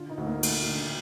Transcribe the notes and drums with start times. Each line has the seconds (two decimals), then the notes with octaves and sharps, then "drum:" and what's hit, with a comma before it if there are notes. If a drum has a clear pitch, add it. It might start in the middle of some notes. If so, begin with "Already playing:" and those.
Already playing: D3 F4
0.10 D#4
0.18 D2
0.26 A#3
0.43 D2, drum: cymbal
0.69 D3